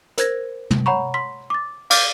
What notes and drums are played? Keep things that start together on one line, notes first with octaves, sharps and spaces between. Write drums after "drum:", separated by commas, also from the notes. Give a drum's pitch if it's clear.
A#4 C5 G#6 A#6, drum: hi-hat
drum: tom
C#5 F#5 A#5 B5 C#6
C6 B6
D6 A6
F5 D6 F6 G6 A6, drum: cymbal